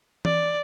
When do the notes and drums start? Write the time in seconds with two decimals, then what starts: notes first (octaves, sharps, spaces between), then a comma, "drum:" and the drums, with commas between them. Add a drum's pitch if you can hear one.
0.25 D5, drum: tom E3